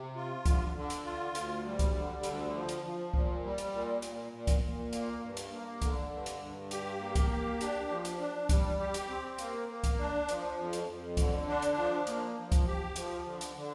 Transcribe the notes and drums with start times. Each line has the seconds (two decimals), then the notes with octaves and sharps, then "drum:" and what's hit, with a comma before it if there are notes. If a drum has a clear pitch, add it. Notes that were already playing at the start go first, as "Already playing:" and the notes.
Already playing: C3
0.16 F4
0.46 D3, drum: kick C2, hi-hat
0.75 D3
0.90 drum: hi-hat
1.05 F4
1.35 D2, drum: hi-hat
1.65 G3
1.79 drum: kick C2, hi-hat
1.95 D3
2.23 D2, drum: hi-hat
2.54 F3
2.69 drum: hi-hat
2.84 F3
3.14 A#2, drum: kick C2
3.44 G3
3.58 drum: hi-hat
3.72 A#2
4.02 A#2, drum: hi-hat
4.32 A#2
4.47 drum: kick C2, hi-hat
4.63 A#2
4.93 A#3, drum: hi-hat
5.22 G2
5.37 drum: hi-hat
5.52 A#3
5.82 D3, drum: kick C2, hi-hat
6.11 G2
6.26 drum: hi-hat
6.41 G2
6.71 G4, drum: hi-hat
7.00 A#3
7.15 drum: kick C2, hi-hat
7.30 G4
7.61 D4, drum: hi-hat
7.90 F3
8.05 drum: hi-hat
8.19 D4
8.49 G3, drum: kick C2, hi-hat
8.79 G4
8.94 drum: hi-hat
9.09 C4
9.38 A#3, drum: hi-hat
9.69 A#3
9.84 drum: kick C2, hi-hat
9.99 D4
10.29 F3, drum: hi-hat
10.59 F2
10.73 drum: hi-hat
10.88 F2
11.17 D3, drum: kick C2, hi-hat
11.48 D4
11.62 drum: hi-hat
11.77 F3
12.07 A#3, drum: hi-hat
12.36 F3
12.52 drum: kick C2, hi-hat
12.67 G4
12.96 F3, drum: hi-hat
13.26 D3
13.41 drum: hi-hat
13.57 D3